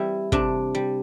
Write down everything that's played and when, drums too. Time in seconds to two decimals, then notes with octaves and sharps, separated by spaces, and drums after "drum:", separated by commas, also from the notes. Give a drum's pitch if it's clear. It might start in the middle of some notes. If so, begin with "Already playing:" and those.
Already playing: E3 G3 C4 E4
0.32 C3 D4, drum: kick
0.75 G3